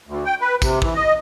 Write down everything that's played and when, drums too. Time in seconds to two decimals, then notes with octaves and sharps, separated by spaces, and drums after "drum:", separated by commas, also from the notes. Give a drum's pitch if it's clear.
0.07 D2
0.26 G5
0.41 B4
0.62 C3, drum: kick, tambourine
0.82 E3, drum: kick
0.95 D#5